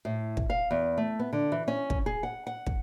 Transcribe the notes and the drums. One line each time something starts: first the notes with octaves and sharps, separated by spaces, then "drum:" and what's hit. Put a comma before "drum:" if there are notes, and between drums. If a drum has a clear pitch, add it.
A2
drum: kick
F5
E2
A3
B3
D3
E3
C#4
drum: kick
G#4
F#5
F#5
drum: kick